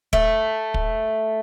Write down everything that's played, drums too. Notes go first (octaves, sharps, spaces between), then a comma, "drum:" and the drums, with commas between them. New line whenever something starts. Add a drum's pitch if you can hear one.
A3, drum: kick
drum: kick